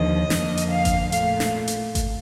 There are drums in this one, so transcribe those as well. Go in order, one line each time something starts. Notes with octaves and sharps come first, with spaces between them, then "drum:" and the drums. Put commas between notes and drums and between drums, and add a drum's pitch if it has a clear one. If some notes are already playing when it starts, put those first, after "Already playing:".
Already playing: D#2 D3 F3 D#5
F2 D3 F3 A#3, drum: snare
drum: hi-hat
F5
drum: kick G#1, hi-hat
A#2 A3 F5, drum: hi-hat
drum: snare
drum: hi-hat
drum: kick G#1, hi-hat